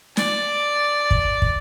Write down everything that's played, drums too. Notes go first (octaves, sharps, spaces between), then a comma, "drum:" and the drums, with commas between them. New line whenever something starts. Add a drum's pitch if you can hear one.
D5, drum: snare
drum: kick
drum: kick